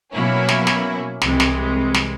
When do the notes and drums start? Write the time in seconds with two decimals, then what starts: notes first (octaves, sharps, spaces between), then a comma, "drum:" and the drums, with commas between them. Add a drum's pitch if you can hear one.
0.12 B2 F#3 A#3 C#4 E4
0.49 drum: snare
0.67 drum: snare
1.21 C2 C3 E3 G#3, drum: snare
1.40 drum: snare
1.94 drum: snare